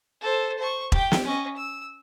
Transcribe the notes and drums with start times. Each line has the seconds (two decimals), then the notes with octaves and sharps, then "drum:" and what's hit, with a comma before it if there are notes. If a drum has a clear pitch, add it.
0.21 A4 C5
0.58 C5 C#6
0.92 G4 G5, drum: kick E1
1.12 drum: snare
1.25 C#4 D#5
1.57 E6